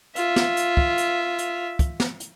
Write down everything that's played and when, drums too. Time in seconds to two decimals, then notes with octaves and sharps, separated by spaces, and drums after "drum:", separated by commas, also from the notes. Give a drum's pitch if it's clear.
0.16 F4 E5, drum: hi-hat
0.36 drum: snare
0.57 drum: hi-hat
0.77 drum: kick
0.98 drum: hi-hat
1.38 drum: hi-hat
1.79 drum: kick, hi-hat
2.00 drum: snare
2.20 drum: hi-hat